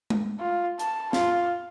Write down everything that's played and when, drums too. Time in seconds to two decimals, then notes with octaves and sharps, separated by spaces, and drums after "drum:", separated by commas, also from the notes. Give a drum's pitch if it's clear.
0.10 drum: tom G#3
0.40 F4
0.79 A5, drum: hi-hat
1.13 F4, drum: snare